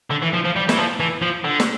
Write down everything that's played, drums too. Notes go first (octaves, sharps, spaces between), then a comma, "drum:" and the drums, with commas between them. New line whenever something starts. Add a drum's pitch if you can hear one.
D3
E3
F3
F3
G3
E3, drum: snare
F3
E3
F3
D3
drum: snare